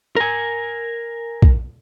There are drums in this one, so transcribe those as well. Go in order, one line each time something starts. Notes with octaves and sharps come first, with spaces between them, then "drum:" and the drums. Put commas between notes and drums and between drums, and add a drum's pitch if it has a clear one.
A#4 G#5
drum: kick